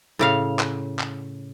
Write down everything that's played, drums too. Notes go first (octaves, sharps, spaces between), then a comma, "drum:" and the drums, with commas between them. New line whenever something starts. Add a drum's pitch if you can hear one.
A2 C#3 F5
drum: clap
drum: clap